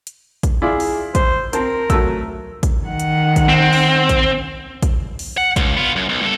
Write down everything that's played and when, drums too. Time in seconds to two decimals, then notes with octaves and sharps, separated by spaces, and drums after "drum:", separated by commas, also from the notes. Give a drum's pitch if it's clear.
0.07 drum: hi-hat
0.43 drum: kick, hi-hat
0.62 E4 F4 G#4 D5
0.80 drum: open hi-hat
1.15 C5, drum: kick, hi-hat
1.53 C4 A#4 A5, drum: hi-hat
1.90 F#3 A3 E6, drum: kick, hi-hat
2.63 drum: kick, hi-hat
2.86 D#3 F#5
3.00 drum: hi-hat
3.36 drum: kick, hi-hat
3.49 C4
3.73 drum: open hi-hat
4.09 drum: kick, hi-hat
4.83 drum: kick, hi-hat
5.19 drum: open hi-hat
5.37 F#5
5.56 C#2, drum: kick, hi-hat
5.77 B3 F4
5.96 F#2
6.09 B1
6.22 G2 A4